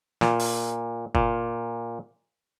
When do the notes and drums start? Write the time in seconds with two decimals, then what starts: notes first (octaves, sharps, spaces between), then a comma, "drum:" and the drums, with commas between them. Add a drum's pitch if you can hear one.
0.21 A#2, drum: snare
0.39 drum: open hi-hat
1.15 A#2, drum: kick